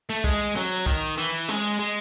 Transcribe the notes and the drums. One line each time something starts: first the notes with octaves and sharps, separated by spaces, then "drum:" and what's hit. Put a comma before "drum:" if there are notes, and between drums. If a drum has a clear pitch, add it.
A3
G#3, drum: kick
F#3, drum: snare
D#3, drum: kick
E3
G#3, drum: snare
G#3